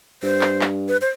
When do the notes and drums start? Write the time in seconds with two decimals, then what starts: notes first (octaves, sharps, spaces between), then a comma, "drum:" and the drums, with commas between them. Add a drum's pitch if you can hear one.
0.23 G2 C5
0.41 drum: clap
0.61 drum: clap
0.88 B4
1.01 C5